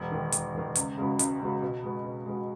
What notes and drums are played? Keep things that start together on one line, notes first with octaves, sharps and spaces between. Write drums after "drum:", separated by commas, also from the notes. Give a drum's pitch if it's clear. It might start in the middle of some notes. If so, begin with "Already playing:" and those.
Already playing: E1
D#2 D#3
E1, drum: hi-hat
D#2 D#3
C#2, drum: hi-hat
C#3 G#3 B3 F#4
C#2, drum: hi-hat
C#3 G#3 B3 F#4
B2
G#3 B3 F#4
B2
G#3 B3 F#4